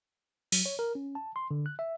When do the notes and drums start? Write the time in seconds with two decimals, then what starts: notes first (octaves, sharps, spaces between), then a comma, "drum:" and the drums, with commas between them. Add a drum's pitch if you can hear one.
0.52 F#3, drum: open hi-hat
0.66 C#5
0.79 A#4
0.95 C#4
1.15 A5
1.36 C6
1.51 D3
1.66 F#6
1.79 E5